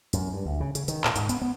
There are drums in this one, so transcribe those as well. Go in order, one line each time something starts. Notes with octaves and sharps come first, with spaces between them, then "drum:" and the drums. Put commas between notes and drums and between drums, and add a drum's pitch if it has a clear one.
F#2, drum: hi-hat
G2
D2
C#3
C#3, drum: hi-hat
D#3, drum: hi-hat
A#2, drum: clap
G#2, drum: hi-hat
B3, drum: hi-hat
B3